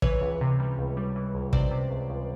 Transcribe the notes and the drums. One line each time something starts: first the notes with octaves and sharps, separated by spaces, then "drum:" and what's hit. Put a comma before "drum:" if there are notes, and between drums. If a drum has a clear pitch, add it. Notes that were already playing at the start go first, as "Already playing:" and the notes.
E3 B4 C#5, drum: kick
C#2
C3
G3
C#2
G3
E3
C#2
C3 C5 D5, drum: kick
C3
C#2
C#2